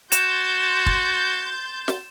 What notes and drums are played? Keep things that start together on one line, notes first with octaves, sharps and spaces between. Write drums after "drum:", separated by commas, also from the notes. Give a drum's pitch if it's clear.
F#4 C6 G6 A6 E7, drum: hi-hat
drum: kick
drum: snare